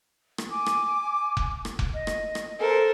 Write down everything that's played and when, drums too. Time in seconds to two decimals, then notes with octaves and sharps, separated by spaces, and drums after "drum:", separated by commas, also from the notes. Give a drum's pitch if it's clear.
0.38 drum: rim click
0.51 G#5 D6
0.66 drum: rim click
1.37 drum: kick F1
1.65 drum: rim click
1.79 drum: kick F1
1.93 D#5
2.07 drum: rim click
2.35 drum: rim click
2.59 A4 A#4 C5